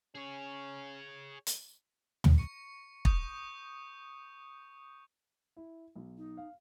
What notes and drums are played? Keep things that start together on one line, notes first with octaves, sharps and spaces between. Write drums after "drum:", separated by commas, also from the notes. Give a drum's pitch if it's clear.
C#4 G#4 C#5
drum: hi-hat
drum: tom
C#6 C#7
C#6 D#6 G6, drum: kick
E4
B1
D#4
F5